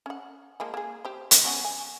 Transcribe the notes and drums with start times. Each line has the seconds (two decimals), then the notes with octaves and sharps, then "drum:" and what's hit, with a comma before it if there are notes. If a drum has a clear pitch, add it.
0.06 C#4 F#5
0.60 F3 G#3 A#3
0.74 A#3 G#4
1.05 G4 C5
1.31 drum: hi-hat
1.45 B3 C#4 F#4
1.65 G#5